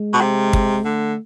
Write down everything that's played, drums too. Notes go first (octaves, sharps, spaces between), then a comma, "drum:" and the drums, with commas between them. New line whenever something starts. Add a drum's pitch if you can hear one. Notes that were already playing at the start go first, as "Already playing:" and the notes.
Already playing: G#3
B2
C3
drum: kick
D3 A3